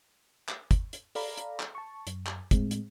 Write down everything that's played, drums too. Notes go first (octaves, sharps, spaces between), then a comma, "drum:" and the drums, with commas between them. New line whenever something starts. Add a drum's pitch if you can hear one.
drum: clap
drum: kick, hi-hat
drum: hi-hat
A4 D5 F5 A#5 B5, drum: open hi-hat
drum: hi-hat
drum: clap
A5 C#6
F#2, drum: hi-hat
drum: clap
A2 G#3 C4, drum: kick, hi-hat
drum: hi-hat